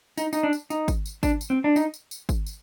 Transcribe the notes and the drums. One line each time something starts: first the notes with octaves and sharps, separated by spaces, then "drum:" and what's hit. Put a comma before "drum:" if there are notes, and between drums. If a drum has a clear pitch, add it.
D#4, drum: tambourine
D#4, drum: tambourine
D4
drum: tambourine
D#4, drum: tambourine
drum: kick G#1, tambourine
drum: tambourine
D4, drum: kick G#1, tambourine
drum: tambourine
C4
D4
D#4, drum: tambourine
drum: tambourine
drum: tambourine
drum: kick G#1, tambourine
drum: tambourine